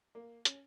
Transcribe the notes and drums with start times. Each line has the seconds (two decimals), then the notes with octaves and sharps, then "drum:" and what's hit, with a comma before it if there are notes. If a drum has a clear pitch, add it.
0.15 A#3
0.45 C#4, drum: hi-hat